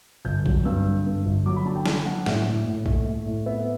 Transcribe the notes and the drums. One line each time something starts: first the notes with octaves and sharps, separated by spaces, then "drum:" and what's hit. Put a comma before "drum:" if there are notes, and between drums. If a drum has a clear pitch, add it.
G1 G6
F#3, drum: kick A#1
G2 E6
D3
G2
G1
F#3 D6
B5
D3 A5
G5
F#3 A5, drum: snare
F#3 F#5
A2 F#5, drum: snare
A2
A2
A3, drum: kick A#1
A3
A2
B3 E5